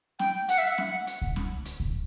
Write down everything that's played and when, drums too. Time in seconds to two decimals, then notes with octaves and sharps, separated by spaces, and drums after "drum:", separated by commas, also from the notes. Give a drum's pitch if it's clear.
0.19 G5, drum: snare
0.48 F#5, drum: hi-hat
0.58 E5
0.68 F#5
0.78 drum: snare
1.07 drum: hi-hat
1.22 drum: kick C#2
1.36 drum: snare
1.65 drum: hi-hat
1.80 drum: kick C#2